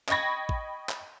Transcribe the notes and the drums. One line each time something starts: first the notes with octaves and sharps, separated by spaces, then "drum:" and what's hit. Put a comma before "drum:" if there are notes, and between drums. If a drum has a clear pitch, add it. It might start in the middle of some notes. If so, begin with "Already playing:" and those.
D#5 G5 B5 C#6 G#6 A#6, drum: clap
drum: kick
drum: clap